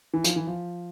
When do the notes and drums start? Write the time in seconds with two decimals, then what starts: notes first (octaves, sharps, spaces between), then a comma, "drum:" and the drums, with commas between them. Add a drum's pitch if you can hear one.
0.14 E3
0.24 F3, drum: hi-hat
0.36 E3
0.47 F3